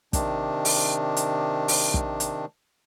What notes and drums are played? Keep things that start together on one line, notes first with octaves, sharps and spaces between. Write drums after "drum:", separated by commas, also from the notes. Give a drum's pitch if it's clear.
C3 D#3 D4, drum: kick, hi-hat
drum: open hi-hat
drum: hi-hat
drum: open hi-hat
drum: kick
drum: hi-hat